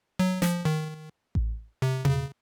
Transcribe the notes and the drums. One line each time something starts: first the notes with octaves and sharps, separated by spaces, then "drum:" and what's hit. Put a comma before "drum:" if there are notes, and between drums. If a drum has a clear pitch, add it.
F#3
F3, drum: snare
D#3
drum: kick A1
C3
C#3, drum: tom B2